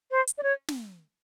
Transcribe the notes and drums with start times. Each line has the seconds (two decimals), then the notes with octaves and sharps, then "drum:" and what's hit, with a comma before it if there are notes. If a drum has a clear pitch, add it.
0.11 C5
0.28 drum: hi-hat
0.38 D5
0.43 C#5
0.68 drum: snare